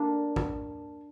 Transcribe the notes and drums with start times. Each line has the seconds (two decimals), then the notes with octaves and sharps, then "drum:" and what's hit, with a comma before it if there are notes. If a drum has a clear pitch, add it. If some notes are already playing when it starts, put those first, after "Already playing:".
Already playing: A#3 D4
0.36 drum: kick